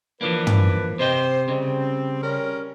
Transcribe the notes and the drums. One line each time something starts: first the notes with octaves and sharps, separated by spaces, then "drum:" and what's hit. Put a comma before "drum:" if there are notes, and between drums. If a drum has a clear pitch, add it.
E3 F3 A#3 D4 B4
drum: tom
C3 C5 D#5 G5
C#3 G3 C4
G3 C#4 A#4